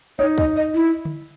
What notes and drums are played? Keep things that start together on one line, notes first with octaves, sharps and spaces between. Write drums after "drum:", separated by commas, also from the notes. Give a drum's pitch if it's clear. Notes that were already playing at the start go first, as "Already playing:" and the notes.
D#4 C#5
D#5, drum: kick
D#5
E4
drum: tom D3